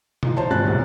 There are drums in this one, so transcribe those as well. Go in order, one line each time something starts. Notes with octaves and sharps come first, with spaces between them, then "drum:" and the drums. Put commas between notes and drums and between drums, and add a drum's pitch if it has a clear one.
E3 D#4 F4, drum: tom B2
C5 C#5 A5
G#1 G2 F3 G#3 F#6 A6
B1 E2 C3